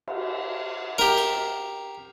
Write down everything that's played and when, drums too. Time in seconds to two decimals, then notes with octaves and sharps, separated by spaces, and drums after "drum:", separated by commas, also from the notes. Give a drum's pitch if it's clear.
0.08 drum: cymbal
0.98 G4 A#4, drum: snare
1.18 drum: cymbal